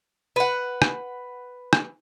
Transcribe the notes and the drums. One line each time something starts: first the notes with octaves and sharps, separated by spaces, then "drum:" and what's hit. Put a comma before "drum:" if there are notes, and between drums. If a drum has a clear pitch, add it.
B4 F#5
drum: rim click
drum: rim click